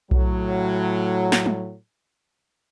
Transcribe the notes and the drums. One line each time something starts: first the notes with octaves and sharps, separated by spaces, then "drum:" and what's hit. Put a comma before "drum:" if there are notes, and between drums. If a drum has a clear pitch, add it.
A2 F#3, drum: kick B1
drum: snare
drum: tom